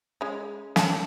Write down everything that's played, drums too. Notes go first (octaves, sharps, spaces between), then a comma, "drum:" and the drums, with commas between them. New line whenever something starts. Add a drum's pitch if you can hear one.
G#3 C#4
C#4 A5, drum: snare